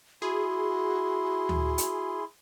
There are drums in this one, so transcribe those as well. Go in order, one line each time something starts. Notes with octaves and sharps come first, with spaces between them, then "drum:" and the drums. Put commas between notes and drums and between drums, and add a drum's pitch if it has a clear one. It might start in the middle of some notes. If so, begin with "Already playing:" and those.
E4 F#4 G#4 C6
drum: tom D2
drum: hi-hat